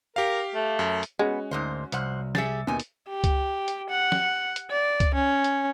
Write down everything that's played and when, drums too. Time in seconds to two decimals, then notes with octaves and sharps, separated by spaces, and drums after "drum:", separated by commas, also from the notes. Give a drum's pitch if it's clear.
0.16 G4 A#4 F5
0.54 A3
0.79 F#2
1.03 drum: hi-hat
1.19 G#3 B3 C#4 F#4
1.51 D2 G#2 A#4 C5
1.92 C2 F2 C5 F#5, drum: hi-hat
2.35 G4 G#4 E5 A6 C#7, drum: snare
2.67 D#2 B2 G5 G#5
2.80 drum: hi-hat
3.09 G4
3.24 drum: kick C#2, hi-hat
3.68 drum: hi-hat
3.90 F#5
4.12 drum: snare
4.56 drum: hi-hat
4.71 D5
5.00 drum: kick C#2, hi-hat
5.15 C#4
5.44 drum: hi-hat